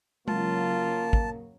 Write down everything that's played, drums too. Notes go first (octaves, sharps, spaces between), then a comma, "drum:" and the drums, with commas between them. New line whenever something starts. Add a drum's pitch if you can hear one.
C#3 F#3 A#3 F4 A5, drum: tom G#3
drum: kick